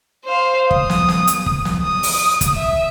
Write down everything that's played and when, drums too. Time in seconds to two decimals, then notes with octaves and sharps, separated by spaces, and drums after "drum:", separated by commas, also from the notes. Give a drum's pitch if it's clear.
0.25 C5 F5
0.71 D#6, drum: kick
0.90 drum: snare
1.08 drum: snare
1.27 drum: hi-hat
1.46 drum: kick
1.65 drum: snare
1.83 D#6
2.03 drum: open hi-hat
2.41 drum: kick, hi-hat
2.54 E5